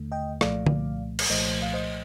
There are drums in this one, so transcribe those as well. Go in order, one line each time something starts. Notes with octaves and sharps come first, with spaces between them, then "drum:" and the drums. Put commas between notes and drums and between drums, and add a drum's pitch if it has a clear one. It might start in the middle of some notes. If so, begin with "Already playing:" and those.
Already playing: D#2 D3 A3
D#5 G5
C2 A#2 F3 A3 D5 F5, drum: rim click
drum: tom D3
drum: cymbal
C2 A#2 F3 A3 C5 D#5
F5
C5 D#5